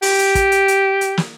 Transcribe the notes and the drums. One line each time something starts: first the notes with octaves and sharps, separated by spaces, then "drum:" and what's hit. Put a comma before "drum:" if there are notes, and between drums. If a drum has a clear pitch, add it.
G4, drum: open hi-hat
drum: hi-hat
drum: kick, hi-hat
drum: hi-hat
drum: hi-hat
drum: hi-hat
drum: snare